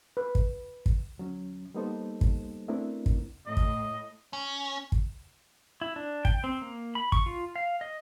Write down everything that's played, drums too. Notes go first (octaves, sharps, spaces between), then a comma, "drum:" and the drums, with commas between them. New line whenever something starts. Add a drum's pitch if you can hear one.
B4
drum: kick
drum: kick
D2 F#3 C#4
G3 A#3 B3 D#4 A4 C5
drum: kick
A3 B3 C4 D4 E4 A#4
drum: kick
A2 D#5
drum: kick
C#4
drum: kick
E4
D4
G5, drum: kick
C4
A#3
B5
C#6, drum: kick
F4
F5
D#5